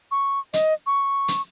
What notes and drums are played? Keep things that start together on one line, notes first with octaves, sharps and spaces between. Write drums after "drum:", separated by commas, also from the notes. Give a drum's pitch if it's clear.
C#6
D#5, drum: hi-hat
C#6
drum: hi-hat